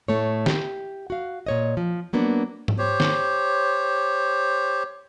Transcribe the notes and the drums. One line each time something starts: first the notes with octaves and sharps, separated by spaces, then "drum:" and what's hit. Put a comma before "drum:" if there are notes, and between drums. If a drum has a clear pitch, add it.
A2 A3 C#5
G4, drum: snare
F#4 F5
A#2 C#5 D#5
F3
F#3 A#3 B3 D4
drum: tom G#2
G4 C5 C#5
drum: snare